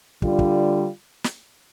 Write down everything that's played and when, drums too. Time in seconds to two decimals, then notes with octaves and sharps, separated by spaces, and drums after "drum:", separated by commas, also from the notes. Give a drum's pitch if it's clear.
0.22 D3 G3 F4, drum: kick
0.39 drum: kick
1.24 drum: snare